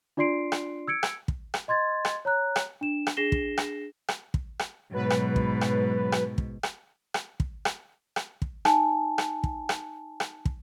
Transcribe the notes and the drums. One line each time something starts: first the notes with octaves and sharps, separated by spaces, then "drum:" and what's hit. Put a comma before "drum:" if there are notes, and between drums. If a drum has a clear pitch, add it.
D4 F4 D5 C6 C7 D7
drum: rim click
E6 G#6 C#7 D7
drum: rim click
drum: kick
drum: rim click
D#5 C6 G#6 A6
drum: rim click
C#5 A#5 F#6
drum: rim click
D4 E7
drum: rim click
D4 G#4 A#6 C7 E7 G7
drum: kick
drum: rim click
drum: rim click
drum: kick
drum: rim click
G#2 B2 F#3 B4
drum: rim click
drum: kick
drum: rim click
drum: rim click
drum: kick
drum: rim click
drum: rim click
drum: kick
drum: rim click
drum: rim click
drum: kick
D#4 G#5 A5, drum: rim click
drum: rim click
drum: kick
drum: rim click
drum: rim click
drum: kick